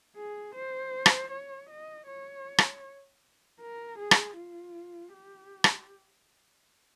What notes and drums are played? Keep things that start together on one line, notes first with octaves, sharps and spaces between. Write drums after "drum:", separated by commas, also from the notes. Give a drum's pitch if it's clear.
G#4
C5
drum: rim click
C#5
D#5
C#5
drum: rim click
A#4
G#4
drum: rim click
F4
G4
drum: rim click